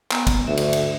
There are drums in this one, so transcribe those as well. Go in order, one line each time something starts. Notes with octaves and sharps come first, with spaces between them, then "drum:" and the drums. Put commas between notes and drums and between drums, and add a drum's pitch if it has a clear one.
B3 G#5 A#5, drum: clap
drum: kick, cymbal
D2 E5
drum: cymbal
drum: cymbal